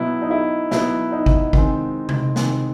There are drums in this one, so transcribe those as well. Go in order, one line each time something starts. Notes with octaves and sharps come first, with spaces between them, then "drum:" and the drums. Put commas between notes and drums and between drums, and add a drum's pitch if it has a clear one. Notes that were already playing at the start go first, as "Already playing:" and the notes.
Already playing: B2 F#3 B3 E4
D#4
E4
B2 F#3 B3 E4, drum: snare
D#4
drum: kick
D#3 G#3 C4, drum: kick
drum: tom C3
D#3 G#3 C4, drum: snare